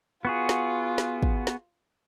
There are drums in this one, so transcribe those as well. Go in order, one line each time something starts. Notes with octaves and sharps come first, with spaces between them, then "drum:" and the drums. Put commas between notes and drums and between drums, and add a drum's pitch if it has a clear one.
B3 F4 F#4 G#4
drum: snare
drum: snare
drum: kick
drum: snare